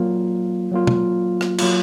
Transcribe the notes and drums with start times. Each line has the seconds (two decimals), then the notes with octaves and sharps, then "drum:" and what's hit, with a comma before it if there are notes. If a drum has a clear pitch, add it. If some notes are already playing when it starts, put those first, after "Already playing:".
Already playing: F#3 A#3 F4
0.72 F#3 A#3 F4
0.87 drum: tom
1.41 drum: rim click
1.58 F#3 A#3 F4, drum: cymbal